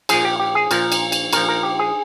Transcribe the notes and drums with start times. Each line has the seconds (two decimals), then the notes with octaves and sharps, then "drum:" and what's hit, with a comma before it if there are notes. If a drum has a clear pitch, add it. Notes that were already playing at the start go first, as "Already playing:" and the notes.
0.09 A#2 F3 G#4, drum: cymbal
0.25 G4
0.40 G4
0.55 G#4
0.71 A#2 F3 A#4, drum: cymbal
0.92 drum: cymbal
1.12 drum: cymbal
1.33 A#2 F3 A#4, drum: cymbal
1.49 A#4
1.63 G4
1.79 G#4